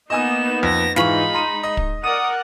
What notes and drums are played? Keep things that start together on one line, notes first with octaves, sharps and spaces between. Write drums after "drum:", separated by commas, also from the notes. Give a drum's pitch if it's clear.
A#3 B3 D#4 D#5 G#5 D#6 E7
F2 A#6
G#2 E3 G#3 D#4 F4 B5 C#6, drum: snare
A#5 C6 D#7
D#5
drum: kick
A#4 D5 F#5 D#6 D#7